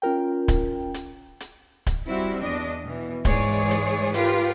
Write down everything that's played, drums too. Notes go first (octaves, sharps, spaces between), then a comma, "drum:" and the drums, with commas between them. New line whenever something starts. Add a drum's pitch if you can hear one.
C#4 F4 A#4 G5
drum: kick D1, hi-hat
drum: hi-hat
drum: hi-hat
drum: kick D1, hi-hat
G3 C4 E4 F#4
E2 D4 D#5
B2 E3
G#2 E3 G#3 G#4 C#5 D5, drum: kick D1, hi-hat
drum: hi-hat
F4 G4 A#4 B4, drum: hi-hat